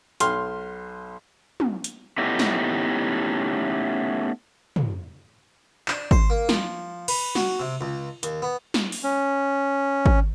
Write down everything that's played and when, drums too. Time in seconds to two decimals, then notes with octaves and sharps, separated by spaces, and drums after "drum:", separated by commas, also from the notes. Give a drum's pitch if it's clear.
0.20 B1 C6 F6, drum: hi-hat
1.60 drum: tom
1.84 drum: hi-hat
2.18 A3 B3 C#4 D#4 E4 G4
2.39 drum: snare
4.76 drum: tom
5.88 D4, drum: clap
6.11 C5, drum: kick G#1
6.30 A#3
6.49 F3, drum: snare
7.08 B4, drum: cymbal
7.35 F#4, drum: snare
7.60 C3
7.81 C#2
8.23 D#2, drum: hi-hat
8.42 B3
8.74 drum: snare
8.92 drum: open hi-hat
9.04 C#4
10.06 drum: kick G#1